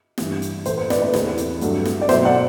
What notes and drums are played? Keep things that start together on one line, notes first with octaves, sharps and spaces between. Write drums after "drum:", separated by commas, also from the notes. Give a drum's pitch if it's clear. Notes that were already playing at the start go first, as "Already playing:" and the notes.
G2 E3 G3, drum: snare
drum: hi-hat
A2 E3 A3 C5, drum: hi-hat
C5
B4 D5, drum: snare
B4 D5
E2 C3 E3 A3, drum: snare
drum: hi-hat
G2 F#3 A3, drum: hi-hat
drum: snare
D5
B2 F#3 A3 C5 E5, drum: snare
D5 F#5